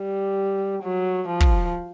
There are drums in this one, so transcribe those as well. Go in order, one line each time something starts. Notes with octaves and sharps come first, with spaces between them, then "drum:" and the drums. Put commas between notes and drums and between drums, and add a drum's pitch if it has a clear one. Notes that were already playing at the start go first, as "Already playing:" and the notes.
Already playing: G3
F#3
F3
drum: kick